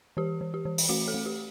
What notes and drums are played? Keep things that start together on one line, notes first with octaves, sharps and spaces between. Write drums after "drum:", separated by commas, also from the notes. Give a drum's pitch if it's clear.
E3 G4
E3
G4
E3
drum: open hi-hat
A3 F#4
A4
A3
G4